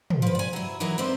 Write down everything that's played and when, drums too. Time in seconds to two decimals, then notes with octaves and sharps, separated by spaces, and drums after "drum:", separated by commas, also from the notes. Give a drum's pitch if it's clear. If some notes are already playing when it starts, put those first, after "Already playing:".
0.10 drum: tom
0.22 F3 B4
0.35 D5 G#5
0.53 F#3 E4
0.80 E3 F#3 D#4 E4 A#4
0.98 D3 B3 C4 E5